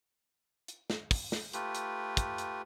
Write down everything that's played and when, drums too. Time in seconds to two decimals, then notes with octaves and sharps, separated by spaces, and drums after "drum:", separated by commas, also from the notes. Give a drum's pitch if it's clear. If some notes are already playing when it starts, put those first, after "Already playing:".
0.68 drum: hi-hat
0.90 drum: snare
1.11 drum: kick, open hi-hat
1.32 drum: snare
1.53 A3 F4 G4 B4, drum: hi-hat
1.75 drum: hi-hat
2.17 drum: kick, hi-hat
2.38 drum: hi-hat